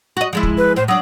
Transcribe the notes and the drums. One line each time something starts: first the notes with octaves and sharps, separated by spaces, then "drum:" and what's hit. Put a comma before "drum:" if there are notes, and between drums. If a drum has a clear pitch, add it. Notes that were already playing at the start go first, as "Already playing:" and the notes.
F#4 D#5
F3 G#3 E4
drum: kick
B4
A2 C5
F#3 D4 D#6